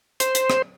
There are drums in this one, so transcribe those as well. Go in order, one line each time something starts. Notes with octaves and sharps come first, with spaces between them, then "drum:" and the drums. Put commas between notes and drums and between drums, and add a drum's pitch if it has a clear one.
C5, drum: hi-hat
drum: hi-hat
drum: rim click